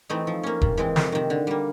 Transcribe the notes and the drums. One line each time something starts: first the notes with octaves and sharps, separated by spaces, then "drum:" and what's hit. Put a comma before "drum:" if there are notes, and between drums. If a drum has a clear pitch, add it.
E3 A3 C4 D#4
F3
A#3 C#4
C3, drum: kick E1
E3 G#3 C4
F2, drum: snare
C3 D#3
D3
G3 A#3